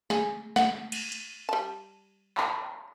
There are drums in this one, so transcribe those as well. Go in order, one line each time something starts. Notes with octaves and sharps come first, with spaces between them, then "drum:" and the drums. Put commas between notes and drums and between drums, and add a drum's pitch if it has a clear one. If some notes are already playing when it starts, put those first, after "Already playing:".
G#4 G#5, drum: snare
F#5, drum: snare
drum: cymbal
drum: hi-hat
G3 A5
drum: clap